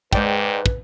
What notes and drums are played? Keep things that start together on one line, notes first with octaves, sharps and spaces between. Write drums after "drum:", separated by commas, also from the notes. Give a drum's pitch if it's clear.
G#2 G#3 B4 D5 G5, drum: kick
drum: kick